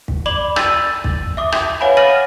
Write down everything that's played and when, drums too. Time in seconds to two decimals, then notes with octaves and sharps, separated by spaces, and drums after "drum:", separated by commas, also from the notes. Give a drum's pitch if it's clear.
0.08 drum: kick
0.26 D5 B5 D6 F#7
0.56 E6 A6 D#7, drum: rim click
1.04 drum: kick
1.37 E5 D6 D#6
1.52 drum: rim click
1.81 B4 C#5 F5 F#5 G#5 B5
1.97 C#5 F6 A6 A#6 D#7 F#7